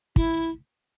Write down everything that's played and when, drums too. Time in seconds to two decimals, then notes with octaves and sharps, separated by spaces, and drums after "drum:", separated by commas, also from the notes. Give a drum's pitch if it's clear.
0.16 E4, drum: kick